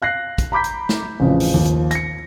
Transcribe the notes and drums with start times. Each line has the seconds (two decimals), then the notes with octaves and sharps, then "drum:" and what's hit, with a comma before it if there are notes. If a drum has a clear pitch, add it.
0.02 F5 F#6 A#6 C7
0.38 drum: kick, hi-hat
0.52 A#5 B5 D6 G6 B6
0.64 drum: hi-hat
0.89 drum: snare
1.20 A1 F2 C#3 F3
1.40 drum: open hi-hat
1.54 D#2 F3
1.65 drum: hi-hat
1.91 A#6 C#7, drum: hi-hat